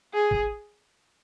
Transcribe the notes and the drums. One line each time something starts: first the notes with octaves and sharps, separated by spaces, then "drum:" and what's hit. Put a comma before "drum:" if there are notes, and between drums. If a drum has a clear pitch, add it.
G#4
drum: kick A1